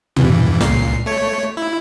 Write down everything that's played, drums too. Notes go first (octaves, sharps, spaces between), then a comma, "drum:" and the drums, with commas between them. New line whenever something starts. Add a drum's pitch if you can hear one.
E2 G2 E3, drum: tom
C#2 A#2 C7, drum: snare
A3 C#5
E4